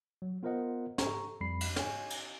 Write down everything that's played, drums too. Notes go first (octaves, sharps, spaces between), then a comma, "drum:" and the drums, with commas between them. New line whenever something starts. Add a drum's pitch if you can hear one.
F#3
B3 F4 A#4 C5 D#5 F#5
G4 A4 A#5 C#6, drum: snare
F2 G3 B5 C7
drum: cymbal
C#5 G#5, drum: snare
drum: cymbal